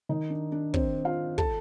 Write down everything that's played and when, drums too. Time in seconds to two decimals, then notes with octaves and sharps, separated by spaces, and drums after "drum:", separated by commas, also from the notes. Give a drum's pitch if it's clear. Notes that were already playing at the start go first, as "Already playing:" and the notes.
0.09 D#3 D#4
0.30 D4
0.52 D4
0.74 C4 C5, drum: kick
1.05 F4 F5
1.38 A4 A5, drum: kick